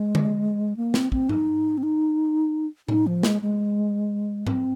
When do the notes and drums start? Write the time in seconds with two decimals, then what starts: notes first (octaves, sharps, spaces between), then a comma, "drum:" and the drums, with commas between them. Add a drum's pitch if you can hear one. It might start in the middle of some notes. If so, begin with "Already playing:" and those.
Already playing: G#3
0.15 drum: tom D3
0.77 A#3
0.94 C4, drum: snare
1.12 C4, drum: kick
1.29 D#4, drum: tom G#2
1.78 C4
1.83 D#4
2.88 D#4, drum: tom A2
3.07 F3
3.23 G#3, drum: snare
3.42 G#3
4.47 C4, drum: tom G#2